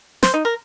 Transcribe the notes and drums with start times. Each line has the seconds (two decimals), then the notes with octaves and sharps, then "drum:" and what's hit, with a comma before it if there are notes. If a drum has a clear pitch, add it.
0.23 C5, drum: snare
0.34 D#4
0.45 A#4